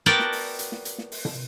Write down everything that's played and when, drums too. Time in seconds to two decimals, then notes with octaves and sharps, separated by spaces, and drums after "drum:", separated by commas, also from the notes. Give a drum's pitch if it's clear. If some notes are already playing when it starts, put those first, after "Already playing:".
0.06 B3 F#4 A#4 D5 G5 A5
0.19 drum: snare
0.32 drum: open hi-hat
0.59 drum: hi-hat
0.72 drum: snare
0.85 drum: hi-hat
0.98 drum: snare
1.12 drum: open hi-hat
1.25 drum: tom